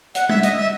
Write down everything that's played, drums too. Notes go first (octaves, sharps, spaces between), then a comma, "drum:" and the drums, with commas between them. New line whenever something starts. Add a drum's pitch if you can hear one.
F#5, drum: hi-hat
E5, drum: tom G3
D#5, drum: hi-hat
E5